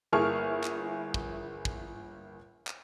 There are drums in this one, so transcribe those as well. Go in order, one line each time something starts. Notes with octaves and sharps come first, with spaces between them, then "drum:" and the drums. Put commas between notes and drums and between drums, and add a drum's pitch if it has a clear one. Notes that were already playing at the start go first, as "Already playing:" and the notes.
G1 A#3 E4 G#4 C#6 F6
drum: clap
drum: kick
drum: kick
drum: clap